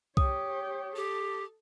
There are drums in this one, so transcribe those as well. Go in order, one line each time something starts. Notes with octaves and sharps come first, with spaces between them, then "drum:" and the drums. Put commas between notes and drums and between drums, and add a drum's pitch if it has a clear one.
G4 C#5 D#6, drum: kick C2
G4 A4